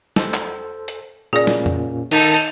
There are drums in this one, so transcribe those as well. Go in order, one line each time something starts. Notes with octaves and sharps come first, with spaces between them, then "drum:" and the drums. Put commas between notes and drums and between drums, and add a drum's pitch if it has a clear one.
A4 C5, drum: snare
drum: clap
drum: hi-hat
A#2 A#3 C#4 G#4 D5
drum: snare
drum: tom F2
D#3 D#4 A4 A6 B6, drum: cymbal